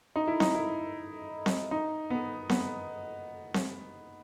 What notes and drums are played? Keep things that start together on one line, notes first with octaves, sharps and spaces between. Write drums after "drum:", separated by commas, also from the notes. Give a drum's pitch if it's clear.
D#4
E4
D#4, drum: snare C4
E4
drum: snare C4
D#4
B3
B3, drum: snare C4
drum: snare C4